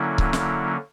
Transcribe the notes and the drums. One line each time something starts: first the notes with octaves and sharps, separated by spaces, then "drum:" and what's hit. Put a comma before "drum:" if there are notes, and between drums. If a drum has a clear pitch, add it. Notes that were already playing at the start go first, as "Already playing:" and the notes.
Already playing: D3 F#3 A#3 C#4 E4
drum: kick C#1
drum: snare